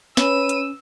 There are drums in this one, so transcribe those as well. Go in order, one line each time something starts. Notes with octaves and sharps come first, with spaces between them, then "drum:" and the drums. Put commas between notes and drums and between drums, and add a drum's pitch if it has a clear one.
C#4 B4 C#5 B5 E6 D#7, drum: snare
drum: hi-hat